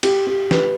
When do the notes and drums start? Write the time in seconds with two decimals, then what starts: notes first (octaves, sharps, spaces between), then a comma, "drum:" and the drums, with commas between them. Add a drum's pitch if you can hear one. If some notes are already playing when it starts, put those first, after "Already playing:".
0.03 G4, drum: cymbal
0.27 G4
0.51 B4, drum: snare